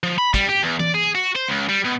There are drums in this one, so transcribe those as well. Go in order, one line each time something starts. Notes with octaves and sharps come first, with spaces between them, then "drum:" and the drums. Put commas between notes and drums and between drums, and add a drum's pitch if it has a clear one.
F3
B5
G3, drum: kick, hi-hat
G4
E2
D5, drum: tom E3
G#4
F#4
C5
C#2
G3
B2